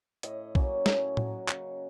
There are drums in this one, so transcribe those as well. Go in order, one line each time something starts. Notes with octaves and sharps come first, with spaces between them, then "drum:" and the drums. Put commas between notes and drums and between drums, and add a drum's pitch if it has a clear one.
A2 D#5, drum: hi-hat
F#3 A#3 C#4, drum: kick B1
A2, drum: snare
F#3 A#3 C#4, drum: tom A2
C#3, drum: clap